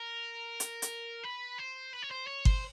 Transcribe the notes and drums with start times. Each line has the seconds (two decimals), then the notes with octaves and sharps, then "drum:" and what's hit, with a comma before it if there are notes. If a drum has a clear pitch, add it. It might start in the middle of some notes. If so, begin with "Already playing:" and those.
Already playing: A#4
0.60 drum: hi-hat
0.82 drum: hi-hat
1.23 B4
1.58 C5
1.93 B4
2.02 C#5
2.11 C5
2.27 C#5
2.45 C5, drum: kick G1